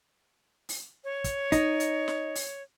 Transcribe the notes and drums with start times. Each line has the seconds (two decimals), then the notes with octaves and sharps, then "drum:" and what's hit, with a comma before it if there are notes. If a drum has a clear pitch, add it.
0.69 drum: open hi-hat
1.04 C#5
1.24 drum: kick, hi-hat
1.52 D#4, drum: kick, hi-hat
1.80 drum: hi-hat
2.08 drum: snare
2.35 drum: open hi-hat